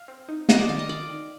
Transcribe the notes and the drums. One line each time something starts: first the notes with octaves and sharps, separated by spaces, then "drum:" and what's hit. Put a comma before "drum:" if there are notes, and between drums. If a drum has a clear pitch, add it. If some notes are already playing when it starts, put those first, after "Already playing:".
Already playing: F5
C4
D#4
D4 D#5, drum: snare
D5
D#3 F5
D#5
D#3 D5
D#3